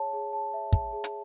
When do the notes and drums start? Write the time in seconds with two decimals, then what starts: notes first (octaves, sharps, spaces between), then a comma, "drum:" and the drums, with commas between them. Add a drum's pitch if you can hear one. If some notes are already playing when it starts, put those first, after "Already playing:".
Already playing: G#4 C#5 E5 A5
0.13 G#4
0.33 A5
0.54 E5
0.73 A5, drum: kick
0.93 G#4
1.04 drum: hi-hat